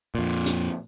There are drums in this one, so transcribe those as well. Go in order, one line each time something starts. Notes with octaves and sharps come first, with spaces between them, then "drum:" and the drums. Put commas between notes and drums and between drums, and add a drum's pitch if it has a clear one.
F2 A#2
drum: hi-hat